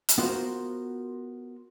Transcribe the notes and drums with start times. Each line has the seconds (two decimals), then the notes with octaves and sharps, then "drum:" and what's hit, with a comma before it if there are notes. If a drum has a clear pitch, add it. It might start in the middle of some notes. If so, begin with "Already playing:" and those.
0.09 drum: hi-hat
0.18 B3 F4 F#4 A#4 C5